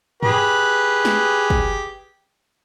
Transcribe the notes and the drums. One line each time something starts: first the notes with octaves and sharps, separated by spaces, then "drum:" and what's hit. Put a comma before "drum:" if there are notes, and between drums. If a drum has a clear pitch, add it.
G4 G#4 B4, drum: tom G2
drum: snare
drum: kick